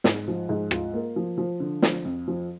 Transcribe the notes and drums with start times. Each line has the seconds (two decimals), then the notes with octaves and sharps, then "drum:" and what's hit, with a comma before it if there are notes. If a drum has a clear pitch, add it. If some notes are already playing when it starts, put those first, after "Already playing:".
0.04 G#2, drum: snare
0.28 F3
0.49 G#2
0.71 F4, drum: rim click
0.94 A#3
1.16 F3
1.38 F3
1.60 D3
1.82 F3, drum: snare
2.05 F2
2.28 F3